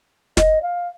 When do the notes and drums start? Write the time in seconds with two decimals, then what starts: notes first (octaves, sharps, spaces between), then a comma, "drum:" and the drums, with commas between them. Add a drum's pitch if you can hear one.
0.37 D#5, drum: snare
0.62 F5